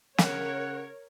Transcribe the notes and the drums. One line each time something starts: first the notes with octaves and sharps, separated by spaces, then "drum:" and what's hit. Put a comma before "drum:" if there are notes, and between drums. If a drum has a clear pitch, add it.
C#3 A#4 C#5 F#5, drum: snare